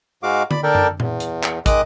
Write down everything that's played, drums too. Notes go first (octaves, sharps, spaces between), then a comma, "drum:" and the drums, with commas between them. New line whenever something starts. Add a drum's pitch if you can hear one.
G#2 G#3 F#4 F5 D6
D5 B5, drum: tom D3
D4 A4 A#4 D5 G5
drum: tom F#2
E2, drum: tom A#2
drum: hi-hat
drum: clap
D#3 G#3 D#5 D6 D#6 F#6, drum: kick, hi-hat